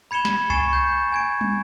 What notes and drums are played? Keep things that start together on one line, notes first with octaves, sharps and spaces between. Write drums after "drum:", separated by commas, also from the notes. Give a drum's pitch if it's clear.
B5 G#6 C#7 E7 G7
drum: snare
G#5 C#6 A6 C7 C#7 E7, drum: kick C2
G6
G#5 G#6 D7
drum: tom